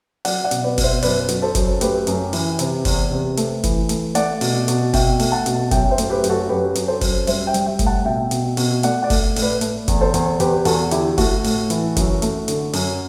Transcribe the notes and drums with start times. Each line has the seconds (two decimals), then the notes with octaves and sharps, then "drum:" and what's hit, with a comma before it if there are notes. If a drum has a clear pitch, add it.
0.25 F#3 D5 F#5, drum: open hi-hat
0.44 D5 F#5
0.51 B2, drum: hi-hat
0.64 B4 D5
0.78 B2, drum: kick F#1, open hi-hat
0.84 C5 E5
1.02 F#2 B4 D5, drum: open hi-hat
1.29 F#3, drum: hi-hat
1.42 A4 C5
1.55 F#2, drum: kick F#1, hi-hat
1.81 A3 G4 B4, drum: hi-hat
2.07 F#2, drum: hi-hat
2.33 E3, drum: open hi-hat
2.59 C3, drum: hi-hat
2.85 E2, drum: kick F#1, open hi-hat
3.11 C3
3.37 A3, drum: hi-hat
3.64 E3, drum: kick F#1, hi-hat
3.89 A3, drum: hi-hat
4.15 A3 D5 F#5, drum: hi-hat
4.41 B2, drum: open hi-hat
4.68 B2, drum: hi-hat
4.93 B2 E5 G5, drum: kick F#1, open hi-hat
5.20 A3, drum: open hi-hat
5.32 F#5 A5
5.46 B2, drum: hi-hat
5.71 F#2 E5 G5, drum: kick F#1, hi-hat
5.90 C5 E5
5.98 A3, drum: hi-hat
6.10 G4 B4
6.24 F#2, drum: hi-hat
6.30 F#4 A4
6.49 F#2 G4 B4
6.75 F#2, drum: hi-hat
6.88 A4 C5
7.01 F#2, drum: kick F#1, open hi-hat
7.27 G3 C5 E5, drum: open hi-hat
7.47 E5 G5
7.54 G3, drum: hi-hat
7.66 E5 G5
7.79 A2, drum: kick F#1, hi-hat
7.86 F#5 A5
8.05 B2 E5 G5
8.31 B2, drum: hi-hat
8.57 B2, drum: open hi-hat
8.83 A3 D5 F#5, drum: hi-hat
9.03 D5 F#5
9.10 A3, drum: kick F#1, open hi-hat
9.36 A2, drum: open hi-hat
9.42 B4 D5
9.61 A3, drum: hi-hat
9.88 E2, drum: kick F#1, hi-hat
10.01 A4 C5
10.14 E2, drum: hi-hat
10.40 E2 G4 B4, drum: hi-hat
10.65 E2 F#4 A4, drum: open hi-hat
10.91 D3 E4 G4, drum: hi-hat
11.18 A3 F#4 A4, drum: kick F#1, open hi-hat
11.44 A2, drum: open hi-hat
11.70 E3, drum: hi-hat
11.96 F#2, drum: kick F#1, hi-hat
12.22 A3, drum: hi-hat
12.48 D3, drum: hi-hat
12.73 F#2, drum: open hi-hat